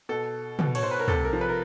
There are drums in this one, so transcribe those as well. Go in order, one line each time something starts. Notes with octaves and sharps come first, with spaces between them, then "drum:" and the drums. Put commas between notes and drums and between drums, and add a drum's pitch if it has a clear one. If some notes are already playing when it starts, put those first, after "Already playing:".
B2 A4
B2, drum: tom
C#5, drum: cymbal
C5
B4
A#4
C3 A4, drum: tom
A#4
F3
B4
A#4